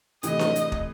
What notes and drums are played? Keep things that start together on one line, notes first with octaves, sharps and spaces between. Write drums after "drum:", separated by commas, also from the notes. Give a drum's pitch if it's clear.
A2 C3 E3 D#5, drum: hi-hat
drum: snare D4
drum: hi-hat
drum: kick